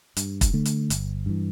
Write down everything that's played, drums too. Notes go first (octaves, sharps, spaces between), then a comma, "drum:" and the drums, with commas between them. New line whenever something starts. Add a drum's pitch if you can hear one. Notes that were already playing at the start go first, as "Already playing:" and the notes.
G2, drum: hi-hat
drum: kick, hi-hat
D3 A3
drum: hi-hat
G1, drum: hi-hat
G2 E3